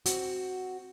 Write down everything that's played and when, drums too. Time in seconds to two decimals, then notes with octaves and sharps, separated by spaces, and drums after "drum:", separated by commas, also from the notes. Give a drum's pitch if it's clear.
0.06 C4 F#4, drum: hi-hat